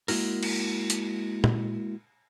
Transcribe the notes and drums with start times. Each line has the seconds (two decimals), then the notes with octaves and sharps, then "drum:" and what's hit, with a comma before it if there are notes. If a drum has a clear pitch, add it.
0.08 G#3 A#3 E4 F#4 A#4, drum: open hi-hat
0.43 drum: cymbal
0.90 drum: hi-hat
1.44 drum: tom